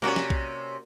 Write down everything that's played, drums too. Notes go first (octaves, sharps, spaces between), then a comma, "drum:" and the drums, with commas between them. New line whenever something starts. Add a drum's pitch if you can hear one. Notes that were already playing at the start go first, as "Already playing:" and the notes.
C3 A#3 C#4 F#4 D5
drum: snare
drum: kick B1